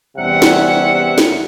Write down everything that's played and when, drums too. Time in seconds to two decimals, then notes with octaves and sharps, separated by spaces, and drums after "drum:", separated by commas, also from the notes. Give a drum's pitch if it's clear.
0.17 E2 C3 G3 C#4 E5 F#5
0.42 drum: snare
1.18 drum: snare